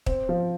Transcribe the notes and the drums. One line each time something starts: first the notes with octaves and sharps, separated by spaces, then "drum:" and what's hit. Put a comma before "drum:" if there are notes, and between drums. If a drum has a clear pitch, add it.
C4, drum: kick
F3